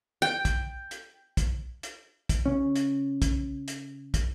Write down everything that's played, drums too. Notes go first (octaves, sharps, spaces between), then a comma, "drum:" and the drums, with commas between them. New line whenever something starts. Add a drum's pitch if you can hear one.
G5
drum: kick, hi-hat
drum: hi-hat
drum: kick, hi-hat
drum: hi-hat
drum: kick, hi-hat
C#3 C#4
drum: hi-hat
drum: kick, hi-hat
drum: hi-hat
drum: kick, hi-hat